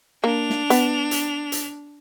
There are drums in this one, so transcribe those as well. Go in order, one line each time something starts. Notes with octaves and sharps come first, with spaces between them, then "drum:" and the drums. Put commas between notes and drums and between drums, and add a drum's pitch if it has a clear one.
A#3 D4 F7
drum: snare
B3, drum: hi-hat
drum: hi-hat
drum: hi-hat